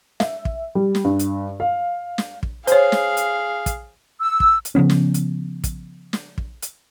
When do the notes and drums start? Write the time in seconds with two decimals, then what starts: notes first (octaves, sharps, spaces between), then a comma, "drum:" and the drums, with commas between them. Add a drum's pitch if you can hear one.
0.20 E5, drum: snare
0.45 drum: kick
0.75 G3
0.95 drum: snare
1.04 G2
1.19 drum: hi-hat
1.60 F5
2.18 drum: snare
2.43 drum: kick
2.67 G#4 C5 C#5 F5, drum: hi-hat
2.92 drum: snare
3.17 drum: hi-hat
3.66 drum: kick, hi-hat
4.20 E6
4.40 drum: kick
4.65 drum: hi-hat
4.75 C#3 F3 B3 C#4
4.90 drum: snare
5.14 drum: hi-hat
5.64 drum: kick, hi-hat
6.13 drum: snare
6.38 drum: kick
6.62 drum: hi-hat